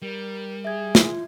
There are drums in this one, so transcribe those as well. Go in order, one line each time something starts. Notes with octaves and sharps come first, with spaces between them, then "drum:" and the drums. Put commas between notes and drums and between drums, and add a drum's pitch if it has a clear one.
G3 A#4
G#4 E5 G#6
F4, drum: snare